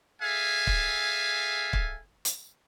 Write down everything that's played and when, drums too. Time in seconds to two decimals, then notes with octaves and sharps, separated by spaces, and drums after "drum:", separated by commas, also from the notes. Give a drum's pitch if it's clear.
0.22 G#4 A4 E5 F5 G#5
0.67 drum: kick
1.73 drum: kick
2.25 drum: hi-hat